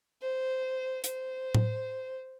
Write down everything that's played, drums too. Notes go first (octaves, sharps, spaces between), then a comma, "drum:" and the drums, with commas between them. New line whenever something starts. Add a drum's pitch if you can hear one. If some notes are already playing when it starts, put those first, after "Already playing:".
C5
C5, drum: hi-hat
drum: tom A2